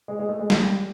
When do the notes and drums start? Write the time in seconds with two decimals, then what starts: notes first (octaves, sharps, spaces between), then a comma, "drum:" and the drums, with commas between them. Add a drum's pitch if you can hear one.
0.08 G#3
0.19 G#3
0.29 A3
0.39 G#3
0.50 G3, drum: snare